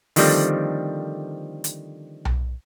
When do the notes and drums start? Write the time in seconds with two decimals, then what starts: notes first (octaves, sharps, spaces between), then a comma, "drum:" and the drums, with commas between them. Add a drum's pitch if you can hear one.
0.16 D3 D#3 F3 G3 A3 C4, drum: open hi-hat
1.64 drum: hi-hat
2.25 drum: tom B1